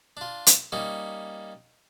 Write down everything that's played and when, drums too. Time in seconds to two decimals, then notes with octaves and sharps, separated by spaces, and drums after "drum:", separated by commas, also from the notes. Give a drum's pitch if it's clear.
0.17 D4 F4
0.46 drum: hi-hat
0.72 G3 A#3 C#4 D#4